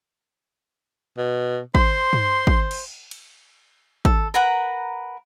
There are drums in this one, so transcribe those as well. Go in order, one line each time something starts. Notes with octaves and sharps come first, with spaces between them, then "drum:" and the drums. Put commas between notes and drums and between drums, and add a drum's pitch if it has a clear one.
B2
C5 C6, drum: kick
drum: tom
drum: kick
drum: cymbal
drum: cymbal
A4, drum: kick
A#4 B4 F#5 A#5